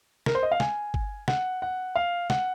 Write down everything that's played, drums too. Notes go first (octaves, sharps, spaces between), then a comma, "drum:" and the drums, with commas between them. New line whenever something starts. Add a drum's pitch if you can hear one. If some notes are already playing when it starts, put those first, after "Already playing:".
A#4, drum: snare
C5
D#5
F5
G#5, drum: snare
drum: kick G1
F#5, drum: snare
F#5
F5
F#5, drum: snare